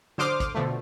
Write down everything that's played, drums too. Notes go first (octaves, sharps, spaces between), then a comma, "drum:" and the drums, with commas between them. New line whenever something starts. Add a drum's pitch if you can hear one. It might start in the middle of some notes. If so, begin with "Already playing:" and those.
D3 C5 C6 D6 D#6 F6, drum: snare
drum: kick, hi-hat
B2 D3 F3 A3